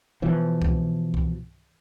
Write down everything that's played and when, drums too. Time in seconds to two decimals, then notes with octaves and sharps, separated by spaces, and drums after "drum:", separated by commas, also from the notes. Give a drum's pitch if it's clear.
0.22 B2 E3 F3
0.62 drum: kick C2
1.14 drum: kick C2